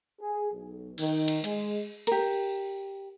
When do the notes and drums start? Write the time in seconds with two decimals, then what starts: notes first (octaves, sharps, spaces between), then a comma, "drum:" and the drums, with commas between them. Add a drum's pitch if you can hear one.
0.20 G#4
0.52 B1
0.98 D#3, drum: cymbal
1.28 drum: cymbal
1.44 G#3, drum: hi-hat
2.07 G4 A#4, drum: cymbal